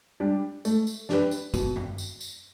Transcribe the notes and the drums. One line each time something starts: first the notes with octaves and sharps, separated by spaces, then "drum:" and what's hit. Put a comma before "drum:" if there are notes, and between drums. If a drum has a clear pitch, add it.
G3 D4 G4
A3, drum: tambourine
drum: tambourine
D4 G4 B4, drum: snare
drum: tambourine
B2, drum: kick, tambourine
drum: tom F#2
drum: tambourine
drum: tambourine